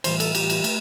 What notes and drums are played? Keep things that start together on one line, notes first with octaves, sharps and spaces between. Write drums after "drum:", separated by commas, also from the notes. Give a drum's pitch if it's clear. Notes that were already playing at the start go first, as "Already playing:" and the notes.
A2 E3 G3 C5, drum: cymbal
A4, drum: cymbal
G4, drum: cymbal
drum: cymbal
A3, drum: cymbal